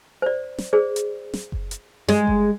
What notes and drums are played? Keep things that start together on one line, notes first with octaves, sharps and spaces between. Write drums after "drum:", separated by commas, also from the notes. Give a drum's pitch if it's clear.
C5 D5
drum: snare
G#4 C5 D5
drum: hi-hat
drum: snare
drum: kick F#1
drum: hi-hat
G#3, drum: snare
drum: kick F#1